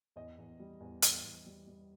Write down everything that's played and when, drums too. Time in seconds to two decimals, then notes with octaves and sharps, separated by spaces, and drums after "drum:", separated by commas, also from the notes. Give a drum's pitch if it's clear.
0.16 E2 D#5
0.38 E2
0.60 G3
0.81 E2
1.02 E2, drum: hi-hat
1.23 E2
1.46 G3
1.67 G3